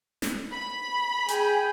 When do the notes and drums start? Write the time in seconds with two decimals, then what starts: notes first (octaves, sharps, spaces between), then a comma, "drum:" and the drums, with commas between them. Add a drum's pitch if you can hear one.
0.22 drum: snare
0.52 B5
1.28 G#4 G5, drum: hi-hat